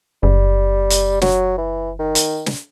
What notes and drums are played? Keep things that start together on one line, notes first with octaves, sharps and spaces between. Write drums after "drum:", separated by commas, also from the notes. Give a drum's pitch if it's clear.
F#1 G3
drum: hi-hat
F#3, drum: snare
E3
D#3
drum: hi-hat
drum: snare